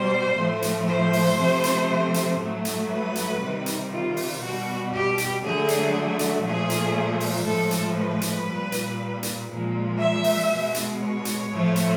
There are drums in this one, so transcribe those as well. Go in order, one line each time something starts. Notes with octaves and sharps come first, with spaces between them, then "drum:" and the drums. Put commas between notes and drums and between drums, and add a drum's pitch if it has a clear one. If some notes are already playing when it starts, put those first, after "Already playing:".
Already playing: B2 G3 C5
A2 F3 A3
drum: hi-hat
C5
drum: open hi-hat
C3 F3 A3
drum: hi-hat
drum: hi-hat
A2 F#3 A3
drum: hi-hat
B4
drum: hi-hat
C3 D#3 G3
drum: hi-hat
F4
drum: open hi-hat
B2 G3 F#4
G4
drum: hi-hat
D3 F#3 A3 G#4
drum: hi-hat
drum: hi-hat
A#2 F3 A3 G#4
drum: hi-hat
drum: open hi-hat
A2 F3 G#3 A4
drum: hi-hat
B4
drum: hi-hat
A#2 G3
drum: hi-hat
drum: hi-hat
A#2 F3 G#3
E5
drum: open hi-hat
B2 G#3
drum: hi-hat
C#5
drum: hi-hat
A2 F3 A3
drum: hi-hat